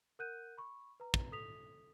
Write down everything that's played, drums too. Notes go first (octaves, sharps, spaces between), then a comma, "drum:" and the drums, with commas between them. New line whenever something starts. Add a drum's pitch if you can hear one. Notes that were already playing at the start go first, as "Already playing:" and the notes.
A#4 F#5 F#6 G6 D#7
B5 C#6
B4 A#5
drum: kick
A4 D#6 B6 F7